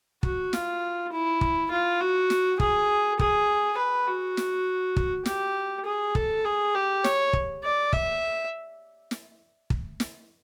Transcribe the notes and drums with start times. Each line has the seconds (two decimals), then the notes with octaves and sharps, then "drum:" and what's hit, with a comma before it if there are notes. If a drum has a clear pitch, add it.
0.23 F#4, drum: kick
0.53 F4, drum: snare
1.12 E4
1.41 drum: kick
1.71 F4
2.01 F#4
2.30 drum: snare
2.60 G#4, drum: kick
3.19 G#4, drum: kick
3.78 B4
4.07 F#4
4.37 drum: snare
4.96 drum: kick
5.26 G4, drum: snare
5.85 G#4
6.15 A4, drum: kick
6.45 G#4
6.75 G4
7.04 C#5, drum: snare
7.33 drum: kick
7.64 D5
7.93 E5, drum: kick
9.11 drum: snare
9.70 drum: kick
10.00 drum: snare